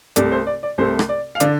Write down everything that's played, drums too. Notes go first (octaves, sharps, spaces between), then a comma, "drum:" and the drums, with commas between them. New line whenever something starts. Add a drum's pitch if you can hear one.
C2 C3 A3 D5, drum: hi-hat
C5
D5
D5
C2 C3 A3 C5
drum: rim click
D5
F5
D3 D5, drum: hi-hat